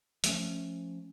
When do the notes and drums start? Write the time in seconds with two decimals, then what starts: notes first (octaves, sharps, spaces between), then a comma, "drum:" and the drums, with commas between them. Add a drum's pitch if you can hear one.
0.24 F3 A3 C#4, drum: hi-hat